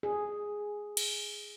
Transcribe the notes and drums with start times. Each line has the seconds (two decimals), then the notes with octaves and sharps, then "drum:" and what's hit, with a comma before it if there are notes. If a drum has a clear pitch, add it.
0.03 G#4
0.97 drum: cymbal